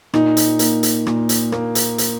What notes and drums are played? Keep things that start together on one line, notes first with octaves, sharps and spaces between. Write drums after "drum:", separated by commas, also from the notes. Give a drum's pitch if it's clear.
A#2 D#4, drum: rim click
drum: hi-hat
A#3, drum: hi-hat
drum: hi-hat
A#2, drum: rim click
drum: hi-hat
A#3, drum: rim click
drum: hi-hat
drum: hi-hat